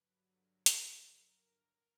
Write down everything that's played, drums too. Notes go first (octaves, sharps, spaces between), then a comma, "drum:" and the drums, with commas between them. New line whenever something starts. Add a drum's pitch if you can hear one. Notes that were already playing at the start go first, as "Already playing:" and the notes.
Already playing: G2 D3 F#3 B4
A#4
A#4, drum: hi-hat